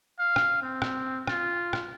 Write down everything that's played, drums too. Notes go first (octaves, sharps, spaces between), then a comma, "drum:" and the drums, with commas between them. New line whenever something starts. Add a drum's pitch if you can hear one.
F5
drum: rim click
C4
drum: rim click
F4, drum: rim click
drum: rim click